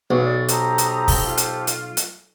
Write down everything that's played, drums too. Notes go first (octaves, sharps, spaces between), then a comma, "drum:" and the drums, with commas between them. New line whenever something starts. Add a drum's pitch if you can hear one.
B1 F#4 G#4 F#5
D5
G4 A4 C5 A#5 D#6, drum: hi-hat
drum: hi-hat
drum: kick, open hi-hat
F4
drum: hi-hat
drum: hi-hat
drum: hi-hat